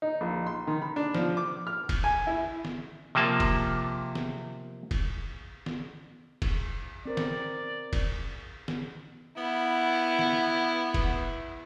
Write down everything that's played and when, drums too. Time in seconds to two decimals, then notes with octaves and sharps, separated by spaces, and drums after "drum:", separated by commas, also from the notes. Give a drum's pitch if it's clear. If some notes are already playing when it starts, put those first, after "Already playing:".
0.02 D#4
0.21 A#1
0.47 C6
0.67 D#3
0.82 B5
0.96 D4
1.15 F3, drum: snare
1.37 D6
1.67 F6
1.89 drum: kick, cymbal
2.04 G#5
2.27 E4
2.65 drum: snare
3.15 C3 F3 A#3 A5
3.40 drum: kick, cymbal
4.15 drum: snare
4.91 drum: kick, cymbal
5.66 drum: snare
6.42 drum: kick, cymbal
7.06 C4 A#4 C5 D5
7.17 drum: snare
7.93 drum: kick, cymbal
8.68 drum: snare
9.37 B3 E4
10.19 drum: snare
10.94 drum: kick, cymbal